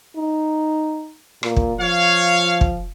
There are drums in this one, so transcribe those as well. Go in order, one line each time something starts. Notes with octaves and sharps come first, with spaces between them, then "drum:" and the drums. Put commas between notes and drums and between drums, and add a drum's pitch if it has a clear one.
D#4
A#2, drum: rim click
drum: kick
F3 C#5 F5
drum: kick